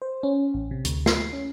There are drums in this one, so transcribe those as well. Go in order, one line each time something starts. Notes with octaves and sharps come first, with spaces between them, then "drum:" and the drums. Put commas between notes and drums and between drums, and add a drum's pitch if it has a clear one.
C5
C#4
A1
C3
D2, drum: hi-hat
C7, drum: snare
C#4